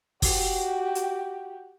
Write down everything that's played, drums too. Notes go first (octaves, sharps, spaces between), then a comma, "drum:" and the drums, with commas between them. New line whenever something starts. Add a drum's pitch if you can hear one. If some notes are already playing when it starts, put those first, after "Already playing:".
F#4 G4, drum: kick, open hi-hat
drum: hi-hat